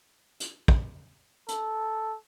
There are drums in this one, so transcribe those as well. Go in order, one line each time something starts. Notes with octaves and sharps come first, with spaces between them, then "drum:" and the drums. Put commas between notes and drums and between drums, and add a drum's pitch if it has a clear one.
drum: hi-hat
drum: kick
A4, drum: hi-hat